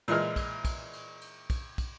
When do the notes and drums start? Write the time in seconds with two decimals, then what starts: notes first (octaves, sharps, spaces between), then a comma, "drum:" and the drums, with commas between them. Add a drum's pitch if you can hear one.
0.08 A#2 E3 G#3 F6, drum: cymbal
0.36 drum: kick, cymbal
0.65 drum: kick, cymbal
0.93 drum: cymbal
1.21 drum: cymbal
1.50 drum: kick, cymbal
1.78 drum: kick, cymbal